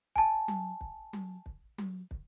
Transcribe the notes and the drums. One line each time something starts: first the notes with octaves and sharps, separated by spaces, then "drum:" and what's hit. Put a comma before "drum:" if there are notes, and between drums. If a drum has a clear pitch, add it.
G#5 A5, drum: kick
drum: tom F#3
drum: kick
drum: tom F#3
drum: kick
drum: tom F#3
drum: kick